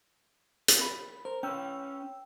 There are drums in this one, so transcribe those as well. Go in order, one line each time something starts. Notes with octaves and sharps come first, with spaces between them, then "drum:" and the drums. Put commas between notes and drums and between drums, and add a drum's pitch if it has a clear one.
drum: hi-hat
B5
A#4 C5
C#4 B4 G5 E6